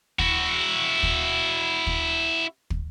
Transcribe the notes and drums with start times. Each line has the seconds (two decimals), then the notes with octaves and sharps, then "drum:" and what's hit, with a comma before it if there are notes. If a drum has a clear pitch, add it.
0.19 E4 F#4, drum: kick
1.03 drum: kick
1.87 drum: kick
2.70 drum: kick